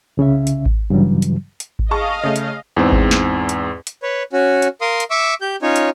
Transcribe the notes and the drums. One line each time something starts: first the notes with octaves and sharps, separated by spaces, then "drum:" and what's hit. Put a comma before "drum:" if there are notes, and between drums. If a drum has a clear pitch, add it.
C2 C#3 C#4 E5
drum: hi-hat
drum: kick G#1
G2 C#3 E3 F#3 G3
drum: hi-hat
drum: hi-hat
drum: kick G#1
G#4 D#5 F5 A5 C#6
C#3 A3
drum: hi-hat
E2 G#2 C4
drum: kick G#1
drum: snare
drum: hi-hat
drum: hi-hat
B4 C#5
C#4 F#4
drum: hi-hat
A#4 F5 C6 D#6
drum: hi-hat
E5 C#6 D6 E6
G4 G6
C#4 D#4 F4 C#5
drum: hi-hat